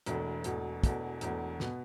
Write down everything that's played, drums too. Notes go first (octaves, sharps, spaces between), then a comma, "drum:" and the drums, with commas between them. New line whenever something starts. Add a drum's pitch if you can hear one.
E1 E2 B2 A3, drum: hi-hat
E1 E2 B2 A3, drum: hi-hat
E1 E2 B2 A3, drum: kick, hi-hat
E1 E2 B2 A3, drum: hi-hat
B2 B3, drum: snare